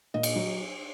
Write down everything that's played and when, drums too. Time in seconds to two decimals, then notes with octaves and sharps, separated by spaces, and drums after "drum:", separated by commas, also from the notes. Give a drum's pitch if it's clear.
0.14 A#2 D#5
0.23 drum: cymbal
0.36 F#3